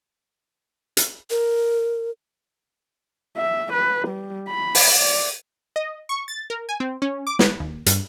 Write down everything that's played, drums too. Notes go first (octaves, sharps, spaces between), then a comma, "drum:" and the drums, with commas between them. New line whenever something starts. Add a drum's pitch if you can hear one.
drum: hi-hat
A#4
E5
B4
G3
B5
drum: open hi-hat
D5
D#5
C#6
A6
A#4
G#5
C4
C#4
D6
B4, drum: snare
D#2
G2, drum: hi-hat